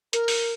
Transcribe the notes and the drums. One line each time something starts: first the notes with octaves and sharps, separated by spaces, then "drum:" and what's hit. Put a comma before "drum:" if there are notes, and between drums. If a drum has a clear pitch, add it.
A#4, drum: hi-hat
drum: open hi-hat